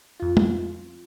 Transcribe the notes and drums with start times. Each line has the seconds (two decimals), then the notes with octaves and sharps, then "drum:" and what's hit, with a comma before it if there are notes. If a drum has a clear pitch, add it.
0.20 F2 F4
0.37 drum: tom